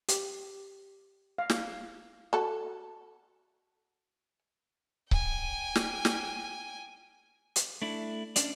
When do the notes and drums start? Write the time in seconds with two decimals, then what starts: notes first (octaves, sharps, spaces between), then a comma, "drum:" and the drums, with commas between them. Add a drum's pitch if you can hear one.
0.09 G4, drum: hi-hat
1.38 F5
1.50 drum: snare
2.33 F#4 A4
5.11 G5 G#5, drum: kick C#1
5.76 drum: snare
6.05 drum: snare
7.56 drum: hi-hat
7.82 A3 D4 E4
8.36 C#4 D4 D5, drum: hi-hat